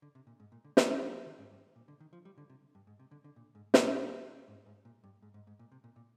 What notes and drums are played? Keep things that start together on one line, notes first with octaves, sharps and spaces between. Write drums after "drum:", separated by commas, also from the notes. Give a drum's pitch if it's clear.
D3
C3
A#2
G#2
A#2
D3
D#3, drum: snare
F3
F3
F3
D#3
G#2
G2
A#2
D3
D#3
F3
G3
D3
C3
G2
G#2
C3
D3
D3
A#2
G#2
A#2, drum: snare
G#2
G#2
A#2
G2
G#2
G#2
G#2
A#2
C3
A#2
A#2